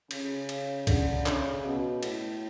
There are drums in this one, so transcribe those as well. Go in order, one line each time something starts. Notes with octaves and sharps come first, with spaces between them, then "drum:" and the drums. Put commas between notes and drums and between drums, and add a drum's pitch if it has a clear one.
C#3, drum: cymbal
drum: cymbal
D3, drum: kick C2, cymbal
C#3, drum: clap
B2
A2, drum: cymbal